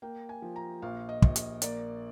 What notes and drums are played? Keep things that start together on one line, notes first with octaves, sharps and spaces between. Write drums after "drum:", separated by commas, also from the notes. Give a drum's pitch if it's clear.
A#3 G5
G#5
F3
A#5
A#1 F5
D#5
A#1, drum: kick
D#5, drum: hi-hat
A#3 D5, drum: hi-hat